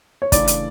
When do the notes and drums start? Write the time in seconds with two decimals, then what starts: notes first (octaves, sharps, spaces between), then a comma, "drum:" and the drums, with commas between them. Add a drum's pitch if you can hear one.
0.22 C#5
0.32 C#3 E3 A3 D4 D5, drum: kick, hi-hat
0.47 drum: hi-hat